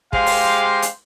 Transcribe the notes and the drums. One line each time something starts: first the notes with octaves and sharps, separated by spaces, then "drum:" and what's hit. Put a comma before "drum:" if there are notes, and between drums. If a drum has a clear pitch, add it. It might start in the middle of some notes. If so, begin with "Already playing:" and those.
G#3 G4 C5 F5, drum: kick
drum: open hi-hat
drum: hi-hat